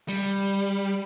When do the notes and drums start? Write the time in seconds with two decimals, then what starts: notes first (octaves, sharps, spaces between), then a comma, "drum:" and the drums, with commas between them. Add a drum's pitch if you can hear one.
0.08 G3, drum: tambourine